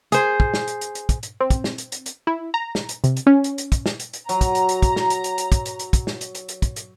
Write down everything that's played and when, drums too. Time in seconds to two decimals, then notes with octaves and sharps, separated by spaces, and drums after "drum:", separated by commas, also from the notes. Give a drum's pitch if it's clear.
0.12 G#4 C5, drum: hi-hat
0.40 drum: kick
0.54 drum: snare
0.67 drum: hi-hat
0.81 drum: hi-hat
0.95 drum: hi-hat
1.09 drum: kick, hi-hat
1.23 drum: hi-hat
1.40 C4
1.50 drum: kick, hi-hat
1.64 drum: snare
1.78 drum: hi-hat
1.92 drum: hi-hat
2.06 drum: hi-hat
2.27 E4
2.54 A#5
2.75 drum: snare
2.89 drum: hi-hat
3.04 C3, drum: hi-hat
3.16 drum: hi-hat
3.27 C#4
3.44 drum: hi-hat
3.58 drum: hi-hat
3.72 drum: kick, hi-hat
3.86 drum: snare
3.99 drum: hi-hat
4.13 drum: hi-hat
4.29 F#3 A#5, drum: hi-hat
4.41 drum: kick, hi-hat
4.55 drum: hi-hat
4.69 drum: hi-hat
4.82 drum: kick, hi-hat
4.96 drum: snare
5.10 drum: hi-hat
5.24 drum: hi-hat
5.38 drum: hi-hat
5.52 drum: kick, hi-hat
5.65 drum: hi-hat
5.79 drum: hi-hat
5.93 drum: kick, hi-hat
6.07 drum: snare
6.21 drum: hi-hat
6.35 drum: hi-hat
6.48 drum: hi-hat
6.62 drum: kick, hi-hat
6.76 drum: hi-hat